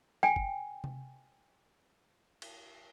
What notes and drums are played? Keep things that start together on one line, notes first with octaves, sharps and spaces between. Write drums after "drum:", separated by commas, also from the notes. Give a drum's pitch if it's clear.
G5 G#5, drum: snare
drum: kick G1
drum: tom C3
drum: cymbal